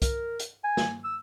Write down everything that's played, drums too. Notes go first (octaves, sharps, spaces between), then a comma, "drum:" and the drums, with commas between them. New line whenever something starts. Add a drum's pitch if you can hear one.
A#4, drum: kick, hi-hat
drum: hi-hat
G#5
drum: snare
E6